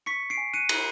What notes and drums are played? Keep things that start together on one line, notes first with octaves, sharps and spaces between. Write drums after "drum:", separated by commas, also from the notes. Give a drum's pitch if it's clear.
C#6 B6 C#7
C#6
C7 D7
G#5
F#6 C#7 D#7
F#6, drum: cymbal